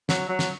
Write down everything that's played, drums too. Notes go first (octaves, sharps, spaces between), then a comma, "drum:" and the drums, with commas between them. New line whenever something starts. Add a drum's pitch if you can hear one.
F#3, drum: snare
F#3
drum: snare